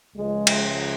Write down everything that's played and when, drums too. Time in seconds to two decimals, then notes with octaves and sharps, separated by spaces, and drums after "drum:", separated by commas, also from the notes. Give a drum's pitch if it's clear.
0.16 C#2 C#3 F3 G#3
0.47 drum: cymbal